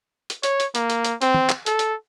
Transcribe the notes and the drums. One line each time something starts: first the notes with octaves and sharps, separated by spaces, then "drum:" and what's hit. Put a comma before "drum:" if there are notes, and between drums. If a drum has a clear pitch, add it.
drum: hi-hat
C#5, drum: hi-hat
drum: hi-hat
A#3, drum: hi-hat
drum: hi-hat
drum: hi-hat
C4, drum: hi-hat
drum: tom
drum: clap
A4, drum: hi-hat
drum: hi-hat